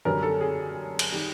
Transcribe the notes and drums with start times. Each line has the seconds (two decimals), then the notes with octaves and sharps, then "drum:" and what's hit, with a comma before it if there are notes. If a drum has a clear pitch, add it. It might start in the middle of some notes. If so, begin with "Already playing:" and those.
0.05 F#2 D3 G3 A#4
0.23 A4
0.41 G#4
0.99 drum: cymbal
1.12 D#3 G3